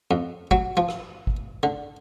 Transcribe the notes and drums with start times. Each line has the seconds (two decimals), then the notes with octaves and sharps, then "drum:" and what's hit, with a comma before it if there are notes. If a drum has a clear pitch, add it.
0.11 F2
0.51 F#3, drum: kick
0.77 F3
0.88 drum: rim click
1.27 drum: kick
1.63 D3